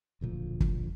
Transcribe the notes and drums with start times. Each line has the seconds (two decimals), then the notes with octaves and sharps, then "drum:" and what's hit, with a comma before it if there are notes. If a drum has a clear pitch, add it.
0.21 E1 D2 A#2 F3
0.60 drum: kick